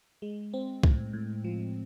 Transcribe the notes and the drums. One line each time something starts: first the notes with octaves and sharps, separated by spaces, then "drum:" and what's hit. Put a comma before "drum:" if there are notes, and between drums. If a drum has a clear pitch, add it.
G#3
C4
A2, drum: kick C2
A2
F3